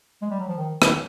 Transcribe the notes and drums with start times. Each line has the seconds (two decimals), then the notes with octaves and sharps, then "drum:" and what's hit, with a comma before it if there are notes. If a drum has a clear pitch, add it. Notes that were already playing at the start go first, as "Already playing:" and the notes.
0.22 G#3
0.30 G3
0.40 F#3
0.49 F3
0.57 D#3
0.82 D#3, drum: rim click